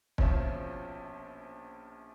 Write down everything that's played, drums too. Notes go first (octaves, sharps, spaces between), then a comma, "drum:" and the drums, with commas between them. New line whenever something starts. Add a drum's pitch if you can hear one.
A#1 B2 F3 C#4 C5 E5, drum: kick